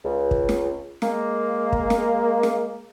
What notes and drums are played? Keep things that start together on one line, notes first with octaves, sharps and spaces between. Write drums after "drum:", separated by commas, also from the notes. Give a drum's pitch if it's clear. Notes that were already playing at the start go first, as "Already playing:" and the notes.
C#2
drum: kick
drum: snare
G#3 A#3, drum: snare
drum: kick
drum: snare
drum: snare